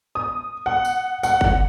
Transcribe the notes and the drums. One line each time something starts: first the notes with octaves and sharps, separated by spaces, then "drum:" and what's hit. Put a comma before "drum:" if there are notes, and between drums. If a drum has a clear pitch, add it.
D#6
F#5
drum: tambourine
F#5, drum: tambourine
drum: kick F#1